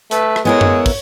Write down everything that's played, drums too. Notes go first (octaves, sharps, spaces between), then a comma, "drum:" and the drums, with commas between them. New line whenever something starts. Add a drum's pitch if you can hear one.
A3 B4, drum: hi-hat
drum: rim click
G#3 B3 E4 G#4 A#4 C#5
drum: tom F#2
drum: kick, open hi-hat